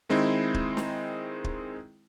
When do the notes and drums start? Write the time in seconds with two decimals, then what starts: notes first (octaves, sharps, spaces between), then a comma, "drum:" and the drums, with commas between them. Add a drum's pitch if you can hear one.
0.09 D#3 G#3 C4 D#4 E4
0.54 drum: kick
0.77 drum: snare
1.44 drum: kick